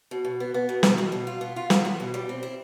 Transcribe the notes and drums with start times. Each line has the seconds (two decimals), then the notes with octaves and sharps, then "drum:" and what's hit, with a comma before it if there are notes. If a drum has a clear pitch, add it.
0.11 B2
0.25 B2
0.40 B3
0.54 B3
0.69 B2
0.83 B2, drum: snare
0.98 B2
1.12 B2
1.27 F4
1.41 B3
1.56 F4
1.70 B3, drum: snare
1.85 E4
2.00 B2
2.14 G3
2.29 C4
2.43 E4